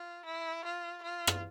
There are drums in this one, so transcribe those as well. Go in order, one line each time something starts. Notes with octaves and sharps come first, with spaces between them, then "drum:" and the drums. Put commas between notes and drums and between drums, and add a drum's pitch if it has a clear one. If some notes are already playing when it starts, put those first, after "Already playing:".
Already playing: F4
E4
F4
F4
drum: rim click